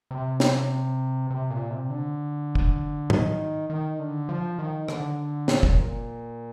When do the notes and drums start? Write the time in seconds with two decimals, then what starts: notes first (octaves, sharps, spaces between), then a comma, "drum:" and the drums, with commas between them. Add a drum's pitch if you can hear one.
0.11 C3
0.40 drum: snare
1.30 C3
1.50 A#2
1.71 C3
1.90 D3
2.55 drum: kick
3.10 D#3, drum: tom
3.70 D#3
3.99 D3
4.29 F3
4.59 D#3
4.88 D3, drum: rim click
5.48 A#2, drum: snare
5.63 drum: kick